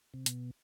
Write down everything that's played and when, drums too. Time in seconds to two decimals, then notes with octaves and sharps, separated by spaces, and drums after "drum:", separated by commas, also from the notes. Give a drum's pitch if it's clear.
0.14 C3
0.26 B2, drum: hi-hat